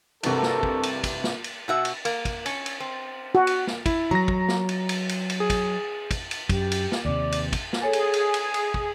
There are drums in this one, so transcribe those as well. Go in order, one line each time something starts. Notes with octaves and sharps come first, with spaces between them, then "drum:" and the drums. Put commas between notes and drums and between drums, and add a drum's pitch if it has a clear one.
G2 C3 E3 A3 F#4 A4 A#4, drum: cymbal
drum: snare
drum: kick
drum: cymbal
drum: kick, cymbal
drum: snare
drum: cymbal
B2 F#4 E5
drum: cymbal
A#3, drum: cymbal
drum: kick, cymbal
C#4, drum: cymbal
drum: cymbal
C4
F#4
drum: cymbal
drum: snare
E4, drum: kick, cymbal
F#3 A#5 A#6
drum: kick
drum: snare
drum: cymbal
drum: cymbal
drum: cymbal
drum: cymbal
G#4
drum: kick, cymbal
drum: kick, cymbal
drum: cymbal
F#2 G4, drum: kick, cymbal
drum: cymbal
drum: snare
D#2 C3 D5
drum: cymbal
drum: kick, cymbal
drum: snare
G#4 A4 C#5 G#5
drum: cymbal
drum: cymbal
drum: cymbal
drum: cymbal
drum: kick